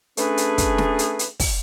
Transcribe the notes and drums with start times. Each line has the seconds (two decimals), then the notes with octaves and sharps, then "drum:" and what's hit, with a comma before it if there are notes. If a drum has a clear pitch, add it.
0.17 A3 C#4 D4 G#4 B4, drum: hi-hat
0.37 drum: hi-hat
0.58 drum: kick, hi-hat
0.78 drum: snare
0.99 drum: hi-hat
1.19 drum: hi-hat
1.40 drum: kick, open hi-hat